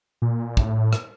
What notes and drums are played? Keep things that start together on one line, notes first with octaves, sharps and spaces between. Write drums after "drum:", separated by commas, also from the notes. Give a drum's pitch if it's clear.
A#2
A2, drum: kick
drum: rim click